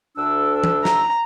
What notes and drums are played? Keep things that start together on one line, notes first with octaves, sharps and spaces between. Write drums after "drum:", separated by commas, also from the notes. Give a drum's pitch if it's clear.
D2 D4 E6
drum: tom E3
A#5, drum: snare